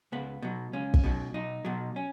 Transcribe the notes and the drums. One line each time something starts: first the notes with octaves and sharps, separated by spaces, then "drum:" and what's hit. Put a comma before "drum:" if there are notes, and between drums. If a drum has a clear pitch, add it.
C#2 B3
B2 F#3
C#2 C#4
drum: kick
B2 F#3
B1 D#4
B2 F#3
C#4